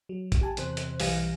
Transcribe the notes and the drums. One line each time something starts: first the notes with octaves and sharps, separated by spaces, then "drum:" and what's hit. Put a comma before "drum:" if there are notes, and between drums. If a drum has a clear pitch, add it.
F#3
drum: kick A1, hi-hat
G4 G#5 A5
E2 C3 C5 F#6, drum: hi-hat
drum: hi-hat
B1 E3 G3 F5 G#5 A#6, drum: open hi-hat